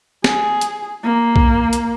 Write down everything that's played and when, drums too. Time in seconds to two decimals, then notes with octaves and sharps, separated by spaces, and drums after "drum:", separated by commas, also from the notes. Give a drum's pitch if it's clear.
0.24 G#4, drum: snare
0.61 drum: hi-hat
1.04 A#3
1.36 drum: kick
1.73 drum: hi-hat